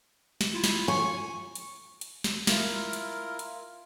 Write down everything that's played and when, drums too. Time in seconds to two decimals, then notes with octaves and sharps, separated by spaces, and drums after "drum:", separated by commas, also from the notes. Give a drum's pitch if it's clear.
0.41 drum: snare
0.53 E4 F4
0.64 drum: snare
0.88 G#5 C#6
1.55 drum: hi-hat
2.01 drum: hi-hat
2.24 drum: snare
2.47 E4 F4 A#4, drum: snare
2.93 drum: hi-hat
3.39 drum: hi-hat